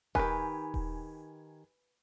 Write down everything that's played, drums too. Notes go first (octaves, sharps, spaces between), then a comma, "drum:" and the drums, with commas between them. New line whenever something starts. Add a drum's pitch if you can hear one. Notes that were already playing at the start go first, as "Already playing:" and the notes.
D#3 G4 B4 G#5, drum: kick D#1
drum: kick D#1